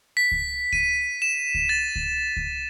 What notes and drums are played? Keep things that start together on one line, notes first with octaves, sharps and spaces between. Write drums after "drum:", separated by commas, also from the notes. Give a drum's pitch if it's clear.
B6
drum: kick C#2
D#7, drum: kick C#2
E7
drum: kick C#2
A6
drum: kick C#2
drum: kick C#2